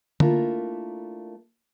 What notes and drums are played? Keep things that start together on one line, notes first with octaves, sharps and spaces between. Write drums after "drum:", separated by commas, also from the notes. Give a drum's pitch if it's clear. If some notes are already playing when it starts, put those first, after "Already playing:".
A3 A#3 D4 E4 F4 A#4, drum: tom D3